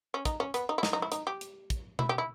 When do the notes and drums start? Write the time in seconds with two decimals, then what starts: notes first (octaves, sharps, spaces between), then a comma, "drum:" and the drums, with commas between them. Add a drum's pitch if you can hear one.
0.14 C#4
0.25 D#4, drum: kick, hi-hat
0.40 C#4
0.54 B3, drum: hi-hat
0.69 D#4
0.78 E4
0.83 D#4, drum: snare
0.93 D#4
1.02 E4
1.12 D#4, drum: hi-hat
1.27 G4
1.41 drum: hi-hat
1.70 drum: kick, hi-hat
1.99 E4, drum: tom B2
2.09 G4
2.18 E4